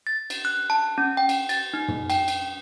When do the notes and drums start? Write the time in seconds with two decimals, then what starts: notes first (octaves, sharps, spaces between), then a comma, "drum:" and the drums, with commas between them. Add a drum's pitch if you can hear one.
0.07 A6
0.30 drum: cymbal
0.45 F#6
0.70 A5
0.98 C#4
1.17 G5
1.29 drum: cymbal
1.49 A6, drum: cymbal
1.74 D#4
1.88 drum: tom
2.10 G5, drum: cymbal
2.28 drum: cymbal